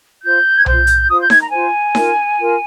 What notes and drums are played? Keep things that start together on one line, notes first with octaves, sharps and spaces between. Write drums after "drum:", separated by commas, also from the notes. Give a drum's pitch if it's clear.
F4 C5 G6
G#6
F4 C5 G6, drum: tom B1
drum: hi-hat
F4 C5 D#6
G6
G#6, drum: snare D#4
A#5
F4 C5 G#5
F4 A#4, drum: snare D#4
F4 A#4